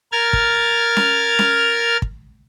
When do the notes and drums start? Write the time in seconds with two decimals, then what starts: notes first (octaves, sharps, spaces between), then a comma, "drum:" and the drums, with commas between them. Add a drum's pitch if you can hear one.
0.12 A#4 F6 G#6 A6
0.33 drum: kick
0.97 drum: snare C#4
1.39 drum: snare C#4
2.02 drum: kick